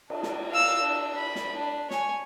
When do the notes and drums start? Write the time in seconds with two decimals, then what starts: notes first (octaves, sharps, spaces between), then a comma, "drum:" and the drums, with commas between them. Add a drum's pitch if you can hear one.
0.10 D4, drum: cymbal
0.23 drum: snare
0.50 F5 E6
0.82 D4
1.16 B5
1.35 drum: snare
1.55 D4
1.91 C#5 G#5, drum: snare